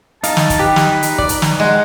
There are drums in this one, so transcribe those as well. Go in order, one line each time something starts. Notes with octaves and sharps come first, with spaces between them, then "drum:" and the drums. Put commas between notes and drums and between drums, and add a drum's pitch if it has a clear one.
D#4 F5 A5, drum: hi-hat
drum: snare
drum: kick, hi-hat
G4 B4
drum: snare
drum: hi-hat
D5, drum: kick
drum: hi-hat
drum: snare
G#3 F#5